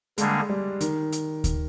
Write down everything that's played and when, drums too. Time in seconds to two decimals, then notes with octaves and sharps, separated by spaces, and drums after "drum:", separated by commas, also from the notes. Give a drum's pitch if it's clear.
0.18 D3 G3 G#3 A#3 D4 G#4, drum: hi-hat
0.49 G3
0.81 D#3, drum: hi-hat
1.12 drum: hi-hat
1.44 drum: kick D2, hi-hat